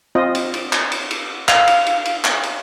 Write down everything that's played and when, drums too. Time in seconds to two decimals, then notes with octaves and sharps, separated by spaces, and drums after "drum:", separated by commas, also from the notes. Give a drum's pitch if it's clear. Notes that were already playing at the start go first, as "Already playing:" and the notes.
0.15 C4 F4 D#5
0.35 drum: cymbal
0.54 drum: cymbal
0.73 drum: clap
0.92 drum: cymbal
1.11 drum: cymbal
1.48 F5, drum: clap
1.67 drum: cymbal
1.86 drum: cymbal
2.05 drum: cymbal
2.24 drum: clap
2.43 drum: cymbal